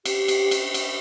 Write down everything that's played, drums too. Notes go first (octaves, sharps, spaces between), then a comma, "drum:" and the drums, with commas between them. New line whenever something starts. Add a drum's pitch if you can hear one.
G4, drum: cymbal
drum: cymbal
drum: cymbal
drum: cymbal